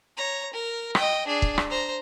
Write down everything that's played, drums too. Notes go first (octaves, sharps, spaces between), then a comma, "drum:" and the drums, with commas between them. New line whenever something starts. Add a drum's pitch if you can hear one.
C#5 A#5
A#4
D#5 G5, drum: rim click
D4 G#4
drum: kick
drum: rim click
C5 A#5